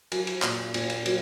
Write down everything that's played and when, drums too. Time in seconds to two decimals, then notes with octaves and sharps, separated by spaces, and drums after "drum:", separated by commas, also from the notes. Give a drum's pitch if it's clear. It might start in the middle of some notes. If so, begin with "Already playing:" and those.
0.12 F#3 G#5, drum: cymbal
0.27 drum: cymbal
0.42 A#2, drum: clap
0.74 A#2, drum: cymbal
0.90 drum: cymbal
1.06 F#3, drum: cymbal